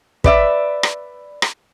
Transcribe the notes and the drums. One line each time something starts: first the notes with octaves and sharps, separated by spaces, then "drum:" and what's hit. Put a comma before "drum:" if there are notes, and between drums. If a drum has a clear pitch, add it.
B4 D5 E5, drum: kick
drum: rim click
drum: rim click